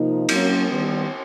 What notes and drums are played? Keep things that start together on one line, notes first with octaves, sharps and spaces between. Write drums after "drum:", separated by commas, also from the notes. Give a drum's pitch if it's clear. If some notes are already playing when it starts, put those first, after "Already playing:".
Already playing: C3 F3 A#3 D#4
F#3 A#3 C#4, drum: cymbal
D#3 G3 B3